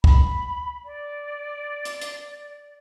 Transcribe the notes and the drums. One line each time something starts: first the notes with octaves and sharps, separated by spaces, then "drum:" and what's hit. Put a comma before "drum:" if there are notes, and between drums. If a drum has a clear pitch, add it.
B5, drum: kick
D5
drum: hi-hat
drum: hi-hat